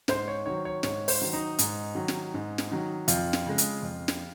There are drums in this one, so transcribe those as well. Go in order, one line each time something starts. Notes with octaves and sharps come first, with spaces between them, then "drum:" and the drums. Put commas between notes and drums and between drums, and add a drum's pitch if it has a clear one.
G#2 C5, drum: snare
C#5
D#3 F#3 C#5
C#5
G#2 C#5, drum: snare
C5, drum: open hi-hat
D#3 F#3
D#4
G#2, drum: hi-hat
D#3 F#3
drum: snare
G#2
drum: snare
D#3 F#3
F2 F4, drum: hi-hat
drum: snare
C#3 G#3
drum: hi-hat
F2
drum: snare